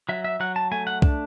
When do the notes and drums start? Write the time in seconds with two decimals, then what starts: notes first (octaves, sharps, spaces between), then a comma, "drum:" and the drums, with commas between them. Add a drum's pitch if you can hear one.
0.09 F#3 E5
0.24 E5
0.40 F#3 F#5
0.56 A5
0.72 A3 G#5
0.87 F#5
1.02 D4, drum: kick C2